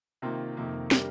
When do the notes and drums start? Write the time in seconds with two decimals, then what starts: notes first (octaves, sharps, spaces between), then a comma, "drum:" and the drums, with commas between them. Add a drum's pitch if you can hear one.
0.22 C3 D#3 A#3 F4
0.57 F2 C3 D#3 A#3
0.91 C3 G3 D4 G4 A#4, drum: snare